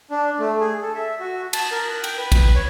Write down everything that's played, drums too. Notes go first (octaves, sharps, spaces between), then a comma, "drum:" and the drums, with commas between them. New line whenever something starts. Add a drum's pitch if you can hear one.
D4
A3
G#4
A4
E5
F#4
A5, drum: cymbal
A#4
F#6
G5, drum: cymbal
B4
drum: kick A#1, cymbal
C#5